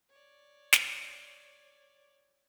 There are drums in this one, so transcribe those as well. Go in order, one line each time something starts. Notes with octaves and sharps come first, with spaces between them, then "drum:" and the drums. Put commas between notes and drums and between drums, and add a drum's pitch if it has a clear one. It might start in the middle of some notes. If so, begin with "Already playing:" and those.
C#5 D5
drum: snare